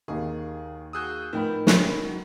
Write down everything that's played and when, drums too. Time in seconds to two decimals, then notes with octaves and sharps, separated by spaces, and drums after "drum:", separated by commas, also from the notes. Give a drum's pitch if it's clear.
0.08 D#2 D#3 G#4
0.93 F#4 G#4 D#6 E6 F#6 G6
1.33 A2 F3 B3 D#4 A#4 G5 B5
1.67 A#3 C#4 E4, drum: snare
2.05 F#3